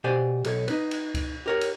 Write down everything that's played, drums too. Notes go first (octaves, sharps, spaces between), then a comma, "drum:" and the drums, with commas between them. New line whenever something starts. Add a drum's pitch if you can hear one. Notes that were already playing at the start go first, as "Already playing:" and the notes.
B2 G4 C5 D5 G#5
B1 A4 C#5, drum: cymbal
D#4 B4, drum: cymbal
drum: cymbal
drum: kick C#2, cymbal
G4 A#4 C#5
drum: cymbal